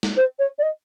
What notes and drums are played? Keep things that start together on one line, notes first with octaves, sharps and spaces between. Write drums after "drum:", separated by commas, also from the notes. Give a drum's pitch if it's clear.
drum: snare
C5
C#5
D5
D#5